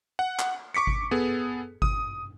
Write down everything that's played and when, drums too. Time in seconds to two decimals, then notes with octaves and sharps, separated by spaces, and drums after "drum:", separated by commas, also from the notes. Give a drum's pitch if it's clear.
0.19 F#5
0.39 drum: clap
0.74 C#6 D6 B6 C#7
0.87 drum: kick G1
1.11 B3 G#4 A4
1.82 D#6, drum: kick G1